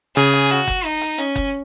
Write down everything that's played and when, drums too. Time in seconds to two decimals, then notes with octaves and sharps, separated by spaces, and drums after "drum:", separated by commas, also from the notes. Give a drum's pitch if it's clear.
0.16 C#3 G#4, drum: hi-hat
0.33 drum: hi-hat
0.51 F#4, drum: hi-hat
0.68 drum: kick F#1, hi-hat
0.85 D#4
1.02 drum: hi-hat
1.18 C#4, drum: hi-hat
1.36 drum: kick F#1, hi-hat